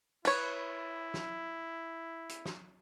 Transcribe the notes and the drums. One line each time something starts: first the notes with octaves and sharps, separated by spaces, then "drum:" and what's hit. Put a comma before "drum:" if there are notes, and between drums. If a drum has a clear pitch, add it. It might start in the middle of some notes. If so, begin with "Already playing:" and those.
E4 B4 C#5, drum: cymbal
drum: snare
drum: hi-hat
drum: snare